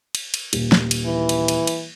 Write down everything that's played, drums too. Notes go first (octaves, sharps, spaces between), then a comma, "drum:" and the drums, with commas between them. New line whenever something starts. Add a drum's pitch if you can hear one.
drum: cymbal
drum: cymbal
D#1, drum: cymbal
drum: snare
drum: cymbal
E3
drum: cymbal
drum: cymbal
drum: cymbal